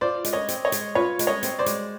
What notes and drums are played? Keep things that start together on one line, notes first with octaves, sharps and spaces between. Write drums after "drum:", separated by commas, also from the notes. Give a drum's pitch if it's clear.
F4 C5 D5
G#3, drum: hi-hat
C#5 D#5
C4, drum: hi-hat
C#5 D#5
G#3, drum: hi-hat
F4 B4 C#5
G#3, drum: hi-hat
C#5 D#5
C4, drum: hi-hat
C5 D5
G#3, drum: hi-hat